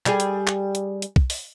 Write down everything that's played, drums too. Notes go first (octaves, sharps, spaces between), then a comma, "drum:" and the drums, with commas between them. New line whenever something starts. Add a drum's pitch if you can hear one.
G3 G#4, drum: clap
drum: hi-hat
drum: clap
drum: hi-hat
drum: hi-hat
drum: kick
drum: open hi-hat